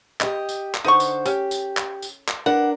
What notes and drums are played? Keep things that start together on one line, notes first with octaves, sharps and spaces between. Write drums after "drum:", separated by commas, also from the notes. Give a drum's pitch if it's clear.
G4 D#5, drum: clap
drum: tambourine
drum: clap
D3 D#4 C5 F#5 C#6
drum: tambourine
C#4 G4, drum: tambourine
drum: tambourine
drum: clap
drum: tambourine
drum: clap
D4 A#4 F#5